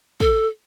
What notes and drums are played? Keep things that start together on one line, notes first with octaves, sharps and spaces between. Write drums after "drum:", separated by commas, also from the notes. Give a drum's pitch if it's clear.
A4, drum: kick